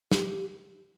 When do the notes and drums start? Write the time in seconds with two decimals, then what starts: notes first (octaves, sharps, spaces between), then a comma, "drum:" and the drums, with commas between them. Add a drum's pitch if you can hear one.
0.12 G4, drum: snare